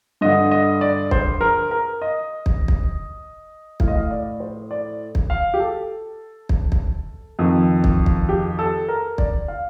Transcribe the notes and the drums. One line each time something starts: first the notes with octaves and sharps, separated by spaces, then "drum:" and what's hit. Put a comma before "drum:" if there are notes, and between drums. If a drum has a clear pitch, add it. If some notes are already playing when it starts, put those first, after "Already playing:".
G2 D3 D#5
D#5
D5
C5, drum: kick
A#4
A#4
D#5
drum: kick
drum: kick
A2 F5, drum: kick
D#5
F5
D5
C5
D5
drum: kick
F5
G4
A4
drum: kick
drum: kick
F2 D#3
drum: kick
drum: kick
G4
A4
A#4
D5, drum: kick
F5